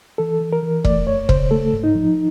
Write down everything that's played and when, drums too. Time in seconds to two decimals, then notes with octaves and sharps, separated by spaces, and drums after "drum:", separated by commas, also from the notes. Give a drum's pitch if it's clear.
0.18 E3 A4
0.41 E3
0.53 A#4
0.62 E3
0.85 A3 D5, drum: kick E1
1.07 F2 C#5
1.29 C#3 C5, drum: kick E1
1.51 A3 A4
1.73 G#2
1.84 D#4
1.95 F3